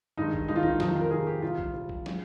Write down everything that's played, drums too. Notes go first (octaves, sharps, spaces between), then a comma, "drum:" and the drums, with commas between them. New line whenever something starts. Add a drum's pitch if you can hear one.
G2 D#3 G#3 D#4
drum: kick
G2 D#3 G#3 D#4
F4
D#4, drum: kick
F2 C3 D#3 D#4, drum: snare
F4
A#4
F2 C3 D#3 G#4
G4
C3 G3 F4
drum: kick
C3 G3
drum: kick
F3 G#3, drum: snare